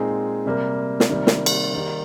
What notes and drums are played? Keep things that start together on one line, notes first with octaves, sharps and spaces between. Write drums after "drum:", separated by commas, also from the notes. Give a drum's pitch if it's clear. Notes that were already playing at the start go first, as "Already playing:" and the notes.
Already playing: A#2 G#3 C4 D#4 G#4
C3 G3 A#3
drum: snare
C3 D#3 G3 A#3
drum: snare
drum: cymbal
D#3 G3 A#3 D#4